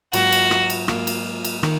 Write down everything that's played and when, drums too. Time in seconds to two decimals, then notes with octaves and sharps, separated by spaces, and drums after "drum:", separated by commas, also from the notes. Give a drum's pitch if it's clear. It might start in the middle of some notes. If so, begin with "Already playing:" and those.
0.13 G#2 F#3 A#3 F4 F#4, drum: cymbal
0.32 drum: cymbal
0.51 drum: rim click
0.70 drum: cymbal
0.88 G#2 F#3 A#3 F4, drum: rim click
1.07 drum: cymbal
1.45 drum: cymbal
1.63 D#3 A#3, drum: rim click